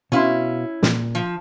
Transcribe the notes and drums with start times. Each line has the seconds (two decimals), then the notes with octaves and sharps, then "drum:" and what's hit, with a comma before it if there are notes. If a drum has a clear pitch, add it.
0.12 B2 C#4 E4 F5 C6
0.83 A#2, drum: snare
1.15 F3